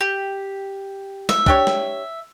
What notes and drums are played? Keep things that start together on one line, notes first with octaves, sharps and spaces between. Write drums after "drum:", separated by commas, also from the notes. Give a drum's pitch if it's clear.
G4
E5, drum: snare
D4 G4 C#5, drum: kick
drum: snare